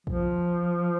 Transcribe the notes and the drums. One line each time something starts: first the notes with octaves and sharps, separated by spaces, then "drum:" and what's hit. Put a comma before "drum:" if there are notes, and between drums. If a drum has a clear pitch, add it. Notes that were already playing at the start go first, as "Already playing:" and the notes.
F3, drum: kick